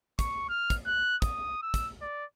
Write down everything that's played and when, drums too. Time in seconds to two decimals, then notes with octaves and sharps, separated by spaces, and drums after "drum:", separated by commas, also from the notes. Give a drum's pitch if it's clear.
0.19 C#6, drum: kick, hi-hat
0.50 F6
0.70 drum: kick, hi-hat
0.86 F#6
1.22 D#6, drum: kick, hi-hat
1.62 E6
1.74 drum: kick, hi-hat
2.02 D5